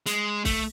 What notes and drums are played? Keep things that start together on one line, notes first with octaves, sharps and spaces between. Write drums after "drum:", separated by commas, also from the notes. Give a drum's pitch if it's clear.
G#3, drum: hi-hat
A3, drum: kick, open hi-hat